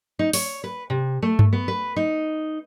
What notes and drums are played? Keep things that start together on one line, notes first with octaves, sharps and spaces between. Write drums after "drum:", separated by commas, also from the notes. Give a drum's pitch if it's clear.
D#4
C#5, drum: open hi-hat
B4
C3
A3
drum: tom G2
B3
B4
D#4